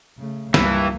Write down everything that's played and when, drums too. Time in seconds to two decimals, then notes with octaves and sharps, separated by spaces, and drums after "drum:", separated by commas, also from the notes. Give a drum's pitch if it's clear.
0.18 C#3 A3
0.54 C#2 G2 E3 A#3, drum: snare